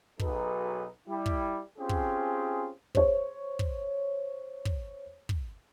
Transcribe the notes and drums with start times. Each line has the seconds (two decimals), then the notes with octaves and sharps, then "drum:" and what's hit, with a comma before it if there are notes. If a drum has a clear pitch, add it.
0.19 B1 F#3 D#4 G#4 A4 B4, drum: kick
1.07 G3 E4
1.26 drum: kick
1.78 C4 C#4 F4 G4 G#4
1.89 drum: kick
2.95 C5 C#5, drum: kick
3.59 drum: kick
4.65 drum: kick
5.29 drum: kick